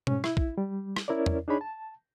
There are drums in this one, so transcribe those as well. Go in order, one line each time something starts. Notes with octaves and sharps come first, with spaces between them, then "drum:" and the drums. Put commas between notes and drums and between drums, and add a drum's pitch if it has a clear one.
G#2 C#4, drum: tom B2
E4, drum: rim click
drum: kick B1
G3
drum: rim click
C#4 E4 A#4 C#5 D5
drum: tom E2
D4 D#4 G#4 C#5 B5
A5